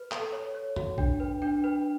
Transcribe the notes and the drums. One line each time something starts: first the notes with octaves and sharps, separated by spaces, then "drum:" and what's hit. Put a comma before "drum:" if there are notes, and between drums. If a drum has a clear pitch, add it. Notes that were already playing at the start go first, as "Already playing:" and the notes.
Already playing: B4
A4, drum: clap
C#5
C#5
F#4, drum: tom
D4 G5, drum: kick A#1
B4
D4 G5
B4